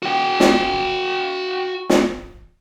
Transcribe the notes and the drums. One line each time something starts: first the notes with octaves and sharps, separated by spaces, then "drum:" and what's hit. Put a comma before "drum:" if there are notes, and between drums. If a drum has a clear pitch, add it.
F#4 G5
drum: snare
drum: snare